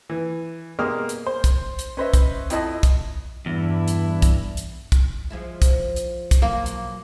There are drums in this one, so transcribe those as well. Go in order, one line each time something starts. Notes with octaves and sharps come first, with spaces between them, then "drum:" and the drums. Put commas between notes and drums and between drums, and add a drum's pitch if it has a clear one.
E3
B2 G#3 A#3 G4 D#6 F6
drum: hi-hat
C5
drum: kick, hi-hat
drum: hi-hat
C#4 B4 C5 D#5 E5
drum: kick, hi-hat
F2 E4 D#5 A5, drum: hi-hat
drum: kick, hi-hat
E2 G2 D4 E4
drum: hi-hat
drum: kick, hi-hat
drum: hi-hat
drum: kick, hi-hat
F3 G#3 E4
drum: kick, hi-hat
drum: hi-hat
drum: kick, hi-hat
B2 F3 F#3 A#3
drum: hi-hat